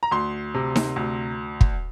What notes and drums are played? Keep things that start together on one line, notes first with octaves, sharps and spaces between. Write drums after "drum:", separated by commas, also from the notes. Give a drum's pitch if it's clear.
A#5
D2 C6
C3
drum: snare D#4
D2
drum: kick